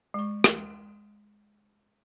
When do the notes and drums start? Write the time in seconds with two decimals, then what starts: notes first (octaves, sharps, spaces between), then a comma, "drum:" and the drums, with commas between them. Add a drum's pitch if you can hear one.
0.14 G#3 C#6
0.44 drum: rim click